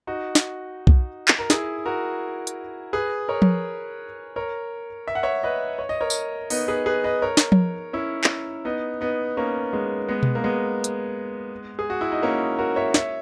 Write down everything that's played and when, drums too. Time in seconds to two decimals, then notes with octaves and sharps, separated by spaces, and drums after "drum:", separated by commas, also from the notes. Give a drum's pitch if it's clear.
0.07 D#4 F#4
0.35 drum: snare
0.87 drum: kick
1.28 drum: clap
1.39 A#4
1.50 E4 G#4, drum: snare
1.85 F#4 A#4
2.47 drum: hi-hat
2.93 G#4 B4
3.28 A#4 C#5
3.42 drum: tom F3
4.36 A#4 C#5
5.08 E5
5.15 F#5
5.23 C#5 E5
5.43 B4 D#5
5.79 C#5
5.89 D#5
6.01 A#4 C#5
6.10 drum: tambourine
6.50 B3 D#4, drum: open hi-hat
6.68 G#4 B4
6.86 G#4 B4
7.04 B4 D#5
7.22 A#4 C#5
7.37 drum: snare
7.52 drum: tom F3
7.93 C#4 E4
8.24 drum: clap
8.65 B3 D#4
9.01 B3 D#4
9.37 A#3 C#4
9.73 G#3 B3
10.08 G#3 B3
10.23 drum: tom B2
10.35 A#3
10.44 G#3 B3
10.84 drum: hi-hat
11.79 G#4
11.90 F#4
12.01 E4
12.12 D#4
12.23 A#3 C#4
12.58 F#4 A#4
12.76 C#5 E5
12.94 C#5 E5, drum: snare